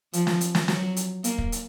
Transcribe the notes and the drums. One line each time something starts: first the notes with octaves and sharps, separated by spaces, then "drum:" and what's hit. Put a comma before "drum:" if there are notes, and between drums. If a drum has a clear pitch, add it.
F3, drum: hi-hat
drum: snare
drum: hi-hat
drum: snare
F#3, drum: snare
drum: hi-hat
A#3, drum: hi-hat
drum: kick
drum: hi-hat